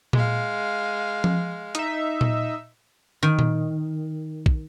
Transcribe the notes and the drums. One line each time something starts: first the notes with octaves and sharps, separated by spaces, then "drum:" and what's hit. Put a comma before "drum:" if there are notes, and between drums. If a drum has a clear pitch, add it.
G#3 F5, drum: tom A#2
drum: tom F3
D#4 E5, drum: hi-hat
drum: tom A#2
D#3
drum: tom A#2
drum: kick